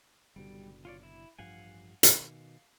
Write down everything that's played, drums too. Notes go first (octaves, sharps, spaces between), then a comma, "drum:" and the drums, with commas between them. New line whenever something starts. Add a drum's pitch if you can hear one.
F#1 B2 D3 G3
F4 C#5 D5
E4
A1 G2 F3 F5 F#5 G#5
B2 D#3, drum: hi-hat